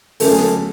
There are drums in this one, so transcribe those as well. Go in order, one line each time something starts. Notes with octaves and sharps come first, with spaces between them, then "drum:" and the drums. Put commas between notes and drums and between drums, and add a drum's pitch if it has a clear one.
D3 F#3 A3 C#4 A4, drum: open hi-hat
G#4
A4, drum: snare